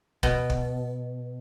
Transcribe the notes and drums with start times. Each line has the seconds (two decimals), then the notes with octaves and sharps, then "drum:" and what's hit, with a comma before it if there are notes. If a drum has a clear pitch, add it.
0.23 B2, drum: kick
0.50 drum: kick